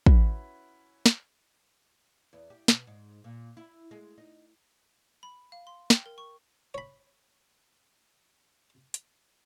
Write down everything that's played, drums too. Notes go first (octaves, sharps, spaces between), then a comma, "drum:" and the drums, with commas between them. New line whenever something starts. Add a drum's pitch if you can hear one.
C#4 E4 F#4 B4, drum: kick
drum: snare
E2
G4
B2, drum: snare
G#2
A#2
E4
G#3
D#4
B5
F5
C6
G5, drum: snare
A#4
C#6
C#5 B5
drum: hi-hat